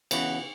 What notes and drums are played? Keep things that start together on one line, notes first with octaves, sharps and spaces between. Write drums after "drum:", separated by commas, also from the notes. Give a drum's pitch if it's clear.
C#3 E3 B3 F#4, drum: cymbal